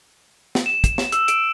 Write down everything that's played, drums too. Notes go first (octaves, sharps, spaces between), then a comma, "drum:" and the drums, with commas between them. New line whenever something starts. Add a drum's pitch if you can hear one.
drum: snare
E7
drum: kick, hi-hat
drum: snare
E6, drum: hi-hat
D7, drum: hi-hat